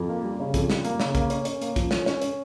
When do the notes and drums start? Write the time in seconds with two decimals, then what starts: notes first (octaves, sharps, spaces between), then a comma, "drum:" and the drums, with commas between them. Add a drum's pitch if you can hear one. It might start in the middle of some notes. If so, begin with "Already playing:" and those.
Already playing: F2
0.09 A#3
0.24 G3
0.39 C#3
0.54 F2, drum: kick, hi-hat
0.70 G3, drum: snare
0.85 A#3, drum: hi-hat
1.00 C#3, drum: snare
1.15 A#3, drum: kick, hi-hat
1.30 C#4, drum: hi-hat
1.45 C#4, drum: hi-hat
1.61 A#3, drum: hi-hat
1.76 F3, drum: kick, hi-hat
1.91 C#4, drum: snare
2.06 C#4, drum: snare
2.22 C#4, drum: hi-hat